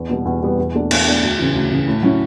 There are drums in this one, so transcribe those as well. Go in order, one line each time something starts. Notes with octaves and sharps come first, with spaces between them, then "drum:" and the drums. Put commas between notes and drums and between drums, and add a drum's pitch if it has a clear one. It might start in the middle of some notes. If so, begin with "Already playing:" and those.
Already playing: E2
B2 G3 B3
E2
B2 G3 B3
E2
B2 A3 D4
E2, drum: cymbal
B2 A3 D4
D2
C#3 E3
D2
C#3 E3
A2
F#3 C#4 E4